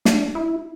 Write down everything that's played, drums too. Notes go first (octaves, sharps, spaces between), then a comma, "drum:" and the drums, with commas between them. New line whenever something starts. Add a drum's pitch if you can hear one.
D4, drum: snare
E4